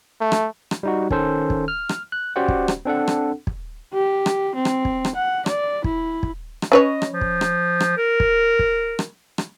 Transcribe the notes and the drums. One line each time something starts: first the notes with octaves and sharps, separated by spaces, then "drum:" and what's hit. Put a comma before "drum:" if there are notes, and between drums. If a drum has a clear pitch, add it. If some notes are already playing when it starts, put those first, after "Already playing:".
A3
drum: rim click
drum: rim click
G3 D#4 F#4
D#3 C#4 A4 C5, drum: kick
drum: kick
F6
drum: rim click
F#6
C#4 F#4 G4 C5 D5 F#5
drum: kick
drum: rim click
C4 D4 A4 F#5
drum: rim click
drum: kick
G4
drum: rim click
C4
drum: rim click
drum: kick
drum: rim click
F#5
D5, drum: rim click
E4, drum: kick
drum: kick
drum: rim click
C#4 B4 C#5 D#5
drum: rim click
F3
drum: kick
drum: rim click
drum: rim click
A#4
drum: kick
drum: kick
drum: rim click
drum: rim click